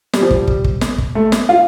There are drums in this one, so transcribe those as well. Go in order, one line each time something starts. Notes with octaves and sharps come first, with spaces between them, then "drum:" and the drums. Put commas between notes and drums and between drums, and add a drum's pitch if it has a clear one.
G3, drum: snare
F3
G3, drum: kick
drum: kick
drum: kick
drum: snare
drum: kick
A3
drum: snare
F4